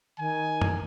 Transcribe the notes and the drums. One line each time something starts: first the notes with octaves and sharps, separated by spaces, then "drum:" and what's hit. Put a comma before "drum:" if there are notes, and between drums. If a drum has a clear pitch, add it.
D#3 G#5
drum: tom F#2